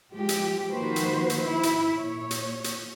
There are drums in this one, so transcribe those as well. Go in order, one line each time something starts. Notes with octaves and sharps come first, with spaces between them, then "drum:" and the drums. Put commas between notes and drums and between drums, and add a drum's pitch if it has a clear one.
F3 G#3 G4
drum: hi-hat
D#3 F3 A#3 F#4 B4 C5
drum: hi-hat
drum: hi-hat
E4
drum: hi-hat
A#2 C#5
drum: hi-hat
drum: hi-hat